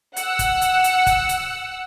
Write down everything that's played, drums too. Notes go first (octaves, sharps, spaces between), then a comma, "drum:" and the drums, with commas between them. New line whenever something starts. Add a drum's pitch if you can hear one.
F#5 E6, drum: hi-hat
drum: kick, hi-hat
drum: hi-hat
drum: hi-hat
drum: kick, hi-hat
drum: hi-hat